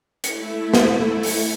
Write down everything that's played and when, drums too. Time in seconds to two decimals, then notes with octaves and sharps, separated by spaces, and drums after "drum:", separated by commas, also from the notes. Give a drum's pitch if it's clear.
0.24 A3 E4, drum: hi-hat
0.74 drum: snare
1.23 drum: open hi-hat